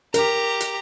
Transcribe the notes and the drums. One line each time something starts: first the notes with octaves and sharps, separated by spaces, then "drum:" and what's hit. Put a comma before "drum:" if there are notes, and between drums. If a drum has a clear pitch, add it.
G4 A#4 A#5, drum: hi-hat
drum: hi-hat